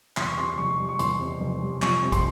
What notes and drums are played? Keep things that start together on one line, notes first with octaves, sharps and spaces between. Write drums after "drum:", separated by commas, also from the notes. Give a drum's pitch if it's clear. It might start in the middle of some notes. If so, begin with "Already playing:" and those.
E2 C6, drum: clap
C#6
C3 C6
F1 C#6
G3
C#6
E2 C6, drum: hi-hat
C3
F1
G3
F2 C#6, drum: clap
C3
C6, drum: kick, hi-hat